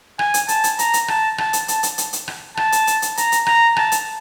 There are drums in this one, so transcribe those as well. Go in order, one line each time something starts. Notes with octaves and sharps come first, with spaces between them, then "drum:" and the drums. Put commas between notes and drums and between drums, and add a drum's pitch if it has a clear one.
G#5, drum: rim click
drum: hi-hat
A5, drum: hi-hat
drum: hi-hat
A#5, drum: hi-hat
drum: hi-hat
A5, drum: rim click
A5, drum: rim click
drum: hi-hat
A5, drum: hi-hat
drum: hi-hat
drum: hi-hat
drum: hi-hat
drum: rim click
A5, drum: rim click
drum: hi-hat
drum: hi-hat
drum: hi-hat
A#5, drum: hi-hat
drum: hi-hat
A#5, drum: rim click
A5, drum: rim click
drum: hi-hat